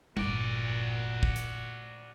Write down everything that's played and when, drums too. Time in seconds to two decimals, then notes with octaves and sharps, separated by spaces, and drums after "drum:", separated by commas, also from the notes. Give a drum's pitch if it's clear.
0.17 G1 F2 A#2 F#4 D5, drum: tom G3
1.23 drum: kick
1.36 drum: hi-hat